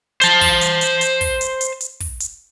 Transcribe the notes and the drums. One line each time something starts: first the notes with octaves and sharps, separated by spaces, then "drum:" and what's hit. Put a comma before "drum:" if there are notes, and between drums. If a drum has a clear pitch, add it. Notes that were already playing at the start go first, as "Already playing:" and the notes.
C5 A5, drum: hi-hat
drum: kick, open hi-hat
drum: hi-hat
drum: hi-hat
drum: hi-hat
drum: kick, open hi-hat
drum: hi-hat
drum: hi-hat
drum: hi-hat
drum: kick, open hi-hat
drum: hi-hat